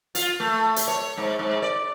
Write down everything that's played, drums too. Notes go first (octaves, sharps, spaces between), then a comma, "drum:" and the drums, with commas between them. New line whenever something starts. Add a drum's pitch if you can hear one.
F4, drum: hi-hat
A3
drum: hi-hat
C#5
G#2
G#2
D5